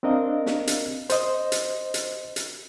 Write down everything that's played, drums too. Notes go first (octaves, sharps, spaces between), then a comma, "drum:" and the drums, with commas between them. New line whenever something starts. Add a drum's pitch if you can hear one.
C4 D4 A#4 D#5 F5
drum: snare
drum: hi-hat
C5 D#5, drum: hi-hat
drum: hi-hat
drum: hi-hat
drum: hi-hat